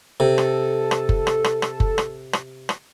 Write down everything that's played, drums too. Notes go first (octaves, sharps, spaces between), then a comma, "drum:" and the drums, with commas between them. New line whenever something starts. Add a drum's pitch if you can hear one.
C3 A4
drum: rim click
drum: rim click
drum: kick F#1
drum: rim click
drum: rim click
drum: rim click
drum: kick F#1
drum: rim click
drum: rim click
drum: rim click